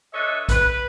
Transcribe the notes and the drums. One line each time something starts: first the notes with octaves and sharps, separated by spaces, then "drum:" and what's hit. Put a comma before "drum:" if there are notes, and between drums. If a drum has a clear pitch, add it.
D4 A4 B4 C#5 D#5 E5
B4, drum: kick, hi-hat